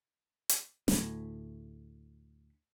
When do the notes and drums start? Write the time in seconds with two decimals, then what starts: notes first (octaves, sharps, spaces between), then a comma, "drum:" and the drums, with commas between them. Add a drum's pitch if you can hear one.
0.49 drum: hi-hat
0.88 D2 A2, drum: snare